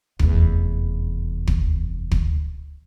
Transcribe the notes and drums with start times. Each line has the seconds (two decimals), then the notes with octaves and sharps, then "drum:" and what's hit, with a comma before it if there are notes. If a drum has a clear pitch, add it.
0.19 F1 E2, drum: kick
1.47 drum: kick
2.11 drum: kick